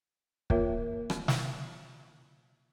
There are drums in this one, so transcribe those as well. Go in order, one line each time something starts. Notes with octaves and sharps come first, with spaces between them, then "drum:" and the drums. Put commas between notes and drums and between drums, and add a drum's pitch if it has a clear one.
A#3 F4 A#4 C#5 E5, drum: kick
drum: rim click
drum: snare